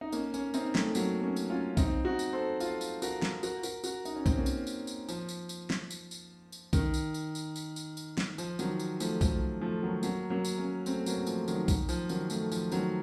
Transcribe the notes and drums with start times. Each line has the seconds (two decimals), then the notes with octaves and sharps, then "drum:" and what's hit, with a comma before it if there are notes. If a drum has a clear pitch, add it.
0.01 D#4
0.12 A#3 C#4, drum: tambourine
0.34 A#3 C#4, drum: tambourine
0.54 C4 D#4, drum: tambourine
0.75 A3 C4, drum: snare
0.95 F#3 A#3, drum: tambourine
1.22 A#3 C#4
1.36 drum: tambourine
1.50 C#4 F4
1.77 C4 D#4, drum: kick, tambourine
2.05 D#4 F#4
2.19 drum: tambourine
2.33 A4 C5
2.60 F4 A4, drum: tambourine
2.81 drum: tambourine
3.02 F#4 A#4, drum: tambourine
3.22 drum: snare
3.43 F#4 A#4, drum: tambourine
3.63 F#4 A#4, drum: tambourine
3.84 F#4 A#4, drum: tambourine
4.05 D#4, drum: tambourine
4.15 C#4
4.26 C4, drum: kick, tambourine
4.37 A#3 C#4
4.46 drum: tambourine
4.67 drum: tambourine
4.87 drum: tambourine
5.09 F3, drum: tambourine
5.29 drum: tambourine
5.49 drum: tambourine
5.70 drum: snare
5.90 drum: tambourine
6.11 drum: tambourine
6.52 drum: tambourine
6.73 D#3, drum: kick, tambourine
6.94 drum: tambourine
7.14 drum: tambourine
7.35 drum: tambourine
7.56 drum: tambourine
7.76 drum: tambourine
7.97 drum: tambourine
8.18 drum: snare
8.38 F3, drum: tambourine
8.59 D#3 F#3, drum: tambourine
8.79 drum: tambourine
9.00 F3 A3, drum: tambourine
9.21 F3 A3, drum: kick, tambourine
9.61 F3 A3
9.82 D#3 F#3
10.03 F#3 A#3, drum: tambourine
10.30 F#3 A#3
10.45 drum: tambourine
10.58 A#3 C#4
10.86 A3 C4, drum: tambourine
11.06 F#3 A#3, drum: tambourine
11.18 F#3
11.27 F3 A3, drum: tambourine
11.48 D#3 F#3, drum: tambourine
11.68 D#3, drum: kick, tambourine
11.89 F3, drum: tambourine
12.09 D#3 F#3, drum: tambourine
12.30 F3 A3, drum: tambourine
12.52 F3, drum: tambourine
12.72 D#3 F#3, drum: tambourine